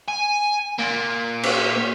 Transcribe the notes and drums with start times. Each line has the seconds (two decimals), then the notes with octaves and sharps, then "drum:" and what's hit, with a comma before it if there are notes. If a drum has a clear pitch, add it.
0.08 G#5
0.79 A#2 A#3
1.43 drum: cymbal